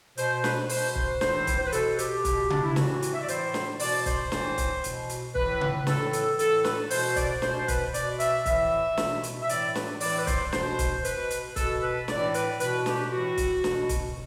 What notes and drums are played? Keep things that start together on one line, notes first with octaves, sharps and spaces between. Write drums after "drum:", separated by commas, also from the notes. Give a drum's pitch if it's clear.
B2 C5, drum: hi-hat
B4, drum: snare
B2 C5, drum: open hi-hat
drum: kick
A2 E3 C5, drum: snare
drum: kick, hi-hat
C5
B4
B2 A4, drum: hi-hat
G4, drum: hi-hat
B2, drum: kick, hi-hat
D4, drum: tom C#3
E4
A2 E3 F#4, drum: snare
drum: hi-hat
E5
D5
A2 E3 C5, drum: hi-hat
drum: snare
B2 D5, drum: open hi-hat
C5, drum: kick, hi-hat
A2 E3, drum: snare
drum: kick, hi-hat
B2, drum: hi-hat
drum: hi-hat
A2 E3 B4, drum: kick
drum: tom C#3
A2 E3 A4, drum: snare
A4, drum: hi-hat
A2 E3 A4, drum: hi-hat
B4, drum: snare
B2 C5, drum: open hi-hat
D5, drum: kick, hi-hat
B2 C5, drum: snare
B4, drum: kick, hi-hat
B2 D5, drum: hi-hat
E5, drum: hi-hat
A2 E3 E5, drum: kick, hi-hat
B2, drum: snare
drum: hi-hat
E5
A2 E3 D5, drum: hi-hat
B4, drum: snare
A2 E3 D5, drum: open hi-hat
B4
C5, drum: kick, hi-hat
B2 C5, drum: snare
drum: kick, hi-hat
B2 B4, drum: hi-hat
drum: hi-hat
B2 A4, drum: kick, hi-hat
B4
A2 E3 D5, drum: snare
B4, drum: hi-hat
B2 B4, drum: hi-hat
G4, drum: snare
A2 E3 F#4
drum: kick, hi-hat
B2, drum: snare
drum: kick, hi-hat